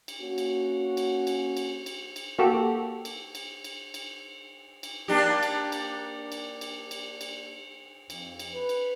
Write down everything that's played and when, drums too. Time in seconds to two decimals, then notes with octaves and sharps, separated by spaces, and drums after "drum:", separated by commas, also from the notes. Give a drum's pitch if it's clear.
0.08 drum: cymbal
0.22 A#3 C#4 F#4
0.38 drum: cymbal
0.97 drum: cymbal
1.27 drum: cymbal
1.57 drum: cymbal
1.86 drum: cymbal
2.16 drum: cymbal
2.39 A#3 F#4 G4 A4
3.05 drum: cymbal
3.35 drum: cymbal
3.64 drum: cymbal
3.94 drum: cymbal
4.83 drum: cymbal
5.08 A#3 D4 G4
5.43 drum: cymbal
5.72 drum: cymbal
6.32 drum: cymbal
6.61 drum: cymbal
6.91 drum: cymbal
7.21 drum: cymbal
8.10 F2, drum: cymbal
8.39 drum: cymbal
8.54 B4
8.69 drum: cymbal